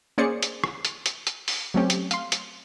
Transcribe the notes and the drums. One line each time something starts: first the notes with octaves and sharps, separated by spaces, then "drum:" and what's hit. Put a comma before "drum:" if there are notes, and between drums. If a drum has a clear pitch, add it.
A#3 C#4 G#4 C5 D5 C#7
drum: hi-hat
drum: rim click
drum: hi-hat
drum: hi-hat
drum: hi-hat
drum: open hi-hat
F#3 A3 C4 C#4 G4
drum: hi-hat
F5 C6, drum: hi-hat
drum: hi-hat